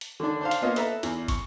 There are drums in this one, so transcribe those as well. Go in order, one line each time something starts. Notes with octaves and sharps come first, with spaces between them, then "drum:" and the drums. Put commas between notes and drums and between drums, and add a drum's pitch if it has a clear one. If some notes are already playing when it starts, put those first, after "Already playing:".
drum: hi-hat
D3 D#3 D4
D4 C5 F5
drum: hi-hat
A#3 B3 F4 C#5 D#5
A4 B4 E5 A5 A#5, drum: hi-hat
E2, drum: hi-hat
C#6, drum: kick, hi-hat